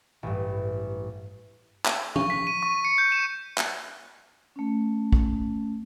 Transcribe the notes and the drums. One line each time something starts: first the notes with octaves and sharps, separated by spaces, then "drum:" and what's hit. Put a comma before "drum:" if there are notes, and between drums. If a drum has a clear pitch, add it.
A1 G2
drum: clap
C#6, drum: tom
B6
D#7
C#6
C#7
G6
E7
drum: clap
A3 C#4
drum: kick